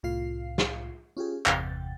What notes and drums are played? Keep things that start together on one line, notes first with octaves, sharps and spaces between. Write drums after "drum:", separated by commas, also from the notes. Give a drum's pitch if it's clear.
C2 A2 F4 F5 C7
drum: snare
C#4 F4 G4 G#4
G1 E2 C3 F#5 G5 A6, drum: clap